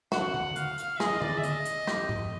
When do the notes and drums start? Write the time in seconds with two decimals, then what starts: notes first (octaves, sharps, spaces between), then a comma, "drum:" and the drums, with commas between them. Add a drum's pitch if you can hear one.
0.12 F#4 F#5, drum: snare
0.34 F#5, drum: tom D3
0.56 F5, drum: hi-hat
0.78 F5, drum: hi-hat
1.00 G#4 D#5, drum: snare
1.22 D5, drum: tom D3
1.37 E5
1.43 D#5, drum: hi-hat
1.65 drum: hi-hat
1.87 G4, drum: snare
2.09 drum: tom G#2